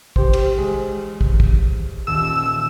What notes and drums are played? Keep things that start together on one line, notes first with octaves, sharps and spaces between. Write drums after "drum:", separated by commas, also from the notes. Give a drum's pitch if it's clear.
G4 C5, drum: kick
drum: cymbal
G#3
drum: kick
drum: kick
D#1 E6